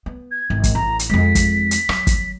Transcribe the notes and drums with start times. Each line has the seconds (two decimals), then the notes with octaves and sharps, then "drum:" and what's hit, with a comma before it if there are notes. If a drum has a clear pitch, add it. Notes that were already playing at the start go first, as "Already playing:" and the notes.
0.06 B3
0.31 G#6
0.50 G#1
0.64 drum: kick, hi-hat
0.75 A1 A#5
0.99 drum: hi-hat
1.10 F2 G#3 B6
1.35 drum: kick, hi-hat
1.71 drum: hi-hat
1.89 F#3, drum: rim click
2.07 drum: kick, hi-hat